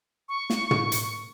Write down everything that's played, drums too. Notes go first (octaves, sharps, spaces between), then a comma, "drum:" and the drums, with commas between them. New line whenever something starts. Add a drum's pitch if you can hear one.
C#6
drum: snare
drum: tom
drum: hi-hat